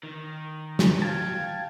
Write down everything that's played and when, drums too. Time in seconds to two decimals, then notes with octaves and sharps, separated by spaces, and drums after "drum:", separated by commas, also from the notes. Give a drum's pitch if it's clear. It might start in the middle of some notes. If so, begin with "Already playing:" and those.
0.03 D#3
0.79 drum: snare
1.02 F5 G5 A5 G#6